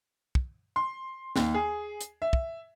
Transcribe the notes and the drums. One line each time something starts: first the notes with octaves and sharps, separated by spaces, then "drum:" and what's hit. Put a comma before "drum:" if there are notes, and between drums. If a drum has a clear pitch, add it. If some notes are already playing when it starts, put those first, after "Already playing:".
drum: kick
C6
D#2, drum: snare
G#4
drum: hi-hat
E5
drum: kick